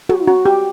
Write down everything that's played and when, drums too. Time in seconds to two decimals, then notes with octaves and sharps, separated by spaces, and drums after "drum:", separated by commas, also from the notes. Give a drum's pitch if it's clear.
0.09 F#4, drum: tom
0.28 F#4
0.46 G4